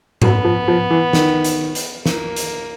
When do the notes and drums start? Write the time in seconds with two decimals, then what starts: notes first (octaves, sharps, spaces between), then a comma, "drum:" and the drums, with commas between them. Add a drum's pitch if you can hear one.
0.22 F#3 B3, drum: tom G#2
0.45 F3
0.68 F3
0.90 E3
1.13 D#3, drum: snare
1.45 drum: hi-hat
1.75 drum: hi-hat
2.06 A#3, drum: snare
2.36 drum: hi-hat